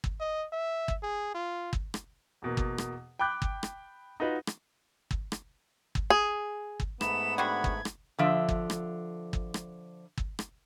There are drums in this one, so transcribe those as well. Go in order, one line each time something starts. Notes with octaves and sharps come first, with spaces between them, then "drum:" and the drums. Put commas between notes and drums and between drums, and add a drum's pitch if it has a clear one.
drum: kick G1
D#5
E5
drum: kick G1
G#4
F4
drum: kick G1
drum: rim click
E2 B2 A#3
drum: kick G1
drum: rim click
G5 B5 D6 F#6 G6
drum: kick G1
drum: rim click
D#4 F4 F#4 B4 D#5 F#5
drum: rim click
drum: kick G1
drum: rim click
drum: kick G1
G#4
drum: kick G1
G#2 A3 B3 B5 E7, drum: rim click
D3 G3 F#4 G#6
drum: kick G1
drum: rim click
D3 F3 E5
drum: kick G1
drum: rim click
drum: kick G1
drum: rim click
drum: kick G1
drum: rim click